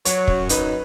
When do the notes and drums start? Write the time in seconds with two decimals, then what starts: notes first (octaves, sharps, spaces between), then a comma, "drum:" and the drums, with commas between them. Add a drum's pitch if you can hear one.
0.05 F#3 C#5, drum: hi-hat
0.28 F#2, drum: kick
0.49 D#4 B4, drum: hi-hat